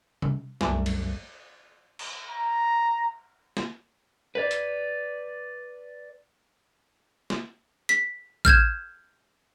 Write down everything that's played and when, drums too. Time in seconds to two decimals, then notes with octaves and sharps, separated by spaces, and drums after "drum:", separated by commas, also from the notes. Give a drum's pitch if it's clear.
0.22 drum: tom C3
0.61 C2 F#2 E3 A3 D4, drum: snare
0.86 drum: cymbal
1.99 drum: cymbal
2.30 A#5
3.57 drum: snare
4.35 B4 D5
4.51 drum: hi-hat
7.30 drum: snare
7.89 B6, drum: hi-hat
8.45 F6 G6 G#6 E7, drum: kick A#1